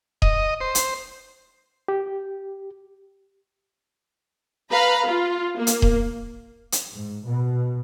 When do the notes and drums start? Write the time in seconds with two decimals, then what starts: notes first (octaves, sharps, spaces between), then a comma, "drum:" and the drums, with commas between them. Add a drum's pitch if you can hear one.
0.22 D#5, drum: kick D#1
0.61 C5
0.75 drum: hi-hat
1.88 G4
4.71 B4 F5 A#5 B5
5.06 F4
5.57 A#3
5.67 drum: hi-hat
5.82 drum: kick D#1
6.72 drum: hi-hat
6.92 G#2
7.26 B2